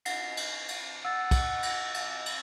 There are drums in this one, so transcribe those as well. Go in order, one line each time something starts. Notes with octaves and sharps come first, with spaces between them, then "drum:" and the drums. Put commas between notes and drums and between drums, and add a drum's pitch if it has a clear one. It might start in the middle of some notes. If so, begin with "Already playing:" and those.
C7, drum: cymbal
drum: cymbal
drum: cymbal
F#5 E6 A6
drum: kick, cymbal
drum: cymbal
drum: cymbal
drum: cymbal